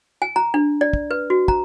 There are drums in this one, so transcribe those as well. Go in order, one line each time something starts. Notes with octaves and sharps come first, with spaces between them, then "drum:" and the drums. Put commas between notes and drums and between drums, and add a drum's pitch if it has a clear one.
G#5
A#5
D4
D5
drum: kick
B4
F#4
A#5, drum: kick